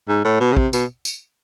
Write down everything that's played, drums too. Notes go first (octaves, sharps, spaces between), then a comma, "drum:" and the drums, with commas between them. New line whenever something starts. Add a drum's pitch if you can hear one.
G#2
A2
B2
C#3
C3, drum: kick
B2, drum: tambourine
drum: tambourine